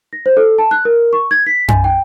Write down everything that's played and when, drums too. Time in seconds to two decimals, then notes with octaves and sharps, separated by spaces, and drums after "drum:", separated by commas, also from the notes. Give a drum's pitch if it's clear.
0.13 A#6
0.26 C5
0.37 A4
0.58 A5
0.71 F#6
0.85 A#4
1.13 C#6
1.31 G#6
1.46 B6
1.68 G#5, drum: tom F#2
1.84 G5